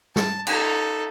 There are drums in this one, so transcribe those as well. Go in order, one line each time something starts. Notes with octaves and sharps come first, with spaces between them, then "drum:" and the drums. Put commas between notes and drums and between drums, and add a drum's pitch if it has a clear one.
A5, drum: snare
D#4 A4, drum: cymbal